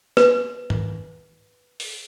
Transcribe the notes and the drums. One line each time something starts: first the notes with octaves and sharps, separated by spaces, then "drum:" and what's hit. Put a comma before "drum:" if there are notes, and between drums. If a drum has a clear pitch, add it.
B4, drum: snare
drum: tom G#2
drum: open hi-hat